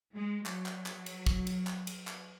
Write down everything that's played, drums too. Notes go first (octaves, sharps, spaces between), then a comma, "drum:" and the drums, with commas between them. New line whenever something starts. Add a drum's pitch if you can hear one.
G#3
F#3, drum: clap
drum: clap
drum: clap
drum: cymbal
drum: kick
drum: cymbal
drum: clap
drum: cymbal
drum: clap